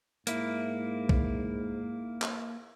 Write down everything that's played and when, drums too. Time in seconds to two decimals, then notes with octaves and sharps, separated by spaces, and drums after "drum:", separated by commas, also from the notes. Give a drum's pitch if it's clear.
0.27 G#2 A#3 E4, drum: hi-hat
1.09 drum: kick
2.22 drum: clap